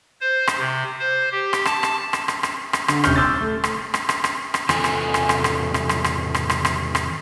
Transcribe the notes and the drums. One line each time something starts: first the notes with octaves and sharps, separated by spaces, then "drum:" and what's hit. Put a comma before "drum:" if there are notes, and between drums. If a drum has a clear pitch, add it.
C5
drum: rim click
C3
C5
G4
drum: rim click
A5, drum: rim click
drum: rim click
drum: rim click
drum: rim click
drum: rim click
drum: rim click
D3, drum: rim click
D#1 C2 C#4 C#6 F6 G6, drum: rim click
C6 D6 E6 G6 A6
A3
drum: rim click
drum: rim click
drum: rim click
drum: rim click
drum: rim click
E2 C3 D#3 F4 A4 G#5, drum: rim click
drum: rim click
drum: rim click
drum: rim click
drum: rim click
drum: rim click
drum: rim click
drum: rim click
drum: rim click
drum: rim click
drum: rim click
drum: rim click